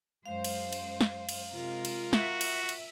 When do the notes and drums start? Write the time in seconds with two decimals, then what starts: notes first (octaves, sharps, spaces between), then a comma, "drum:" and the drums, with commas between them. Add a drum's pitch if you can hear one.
0.26 F#2 G#3 C5 F5
0.44 drum: cymbal
0.73 drum: cymbal
1.01 drum: snare
1.29 drum: cymbal
1.53 C3 G#3 F4 A#4
1.85 drum: cymbal
2.13 F#4 E5, drum: snare
2.41 drum: cymbal
2.69 drum: cymbal